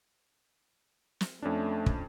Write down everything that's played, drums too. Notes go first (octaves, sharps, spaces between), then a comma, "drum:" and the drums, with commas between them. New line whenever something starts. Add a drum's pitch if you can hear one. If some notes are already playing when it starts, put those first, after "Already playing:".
drum: snare
F2 A3 C#4 D4
drum: kick